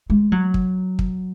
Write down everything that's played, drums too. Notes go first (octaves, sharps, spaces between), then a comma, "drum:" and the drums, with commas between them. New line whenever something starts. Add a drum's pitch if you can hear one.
G#3
F#3
drum: kick
drum: kick